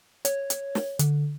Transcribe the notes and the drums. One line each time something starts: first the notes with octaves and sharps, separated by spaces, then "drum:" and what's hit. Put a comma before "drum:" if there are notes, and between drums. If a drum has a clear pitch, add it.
C#5, drum: hi-hat
drum: hi-hat
drum: snare
D3, drum: hi-hat